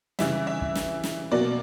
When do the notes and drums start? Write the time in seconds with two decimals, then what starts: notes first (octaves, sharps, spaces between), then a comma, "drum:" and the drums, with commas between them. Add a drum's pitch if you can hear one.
0.19 C#3 E3 G3 E5, drum: snare
0.47 E5
0.61 drum: kick
0.75 drum: snare
1.04 drum: snare
1.31 B2 F#3 A#3 D5